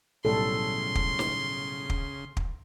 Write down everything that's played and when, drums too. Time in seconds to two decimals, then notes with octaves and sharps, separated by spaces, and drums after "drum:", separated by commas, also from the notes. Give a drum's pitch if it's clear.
0.25 B1 A2 C#3 G3 A4 C6
0.95 drum: kick
1.19 drum: snare
1.90 drum: kick
2.37 drum: kick